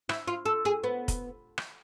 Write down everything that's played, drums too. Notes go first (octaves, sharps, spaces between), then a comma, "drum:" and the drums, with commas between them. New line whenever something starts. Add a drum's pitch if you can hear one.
E4, drum: rim click
F4
A4
G#4
B3
drum: kick, hi-hat
drum: rim click